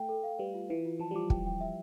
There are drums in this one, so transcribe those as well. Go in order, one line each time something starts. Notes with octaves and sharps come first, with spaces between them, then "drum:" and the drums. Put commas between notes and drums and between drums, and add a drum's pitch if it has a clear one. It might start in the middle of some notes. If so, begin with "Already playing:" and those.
Already playing: A3 G5
A4
F5
G3 B4
F4
E3 B4
F4
F3 A5
G3
F3 D6
G5, drum: kick
G5
E5